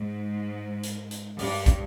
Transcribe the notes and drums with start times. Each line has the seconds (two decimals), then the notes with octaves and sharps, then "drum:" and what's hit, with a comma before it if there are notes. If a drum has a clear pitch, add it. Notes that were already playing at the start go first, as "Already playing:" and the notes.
Already playing: G#2
0.83 drum: hi-hat
1.11 drum: hi-hat
1.39 G2, drum: open hi-hat
1.66 drum: kick, hi-hat